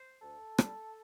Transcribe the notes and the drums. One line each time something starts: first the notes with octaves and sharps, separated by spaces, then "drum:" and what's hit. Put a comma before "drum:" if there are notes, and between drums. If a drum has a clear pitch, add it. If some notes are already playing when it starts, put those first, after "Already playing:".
Already playing: C5
D2 A4
D3 G3, drum: rim click